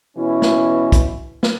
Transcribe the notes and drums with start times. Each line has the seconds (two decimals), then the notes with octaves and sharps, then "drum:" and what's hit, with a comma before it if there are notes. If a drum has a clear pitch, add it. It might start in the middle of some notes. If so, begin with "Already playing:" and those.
0.17 B2 E3 C#4 E4
0.42 drum: snare
0.92 drum: kick, hi-hat
1.43 drum: snare